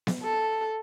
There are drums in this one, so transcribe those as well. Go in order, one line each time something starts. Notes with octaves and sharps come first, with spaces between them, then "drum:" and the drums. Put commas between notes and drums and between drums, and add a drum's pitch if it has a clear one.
drum: snare B3
A4